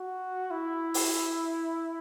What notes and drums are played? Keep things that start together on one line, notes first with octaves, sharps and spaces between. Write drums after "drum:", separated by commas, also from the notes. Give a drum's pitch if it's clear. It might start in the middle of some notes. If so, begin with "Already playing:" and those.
Already playing: F#4
E4
drum: open hi-hat